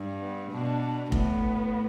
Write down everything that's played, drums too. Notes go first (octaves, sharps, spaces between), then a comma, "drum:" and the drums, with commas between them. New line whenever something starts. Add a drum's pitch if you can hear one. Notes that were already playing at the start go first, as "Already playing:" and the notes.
Already playing: G2
B3
B2 D4
A2 B3, drum: kick F1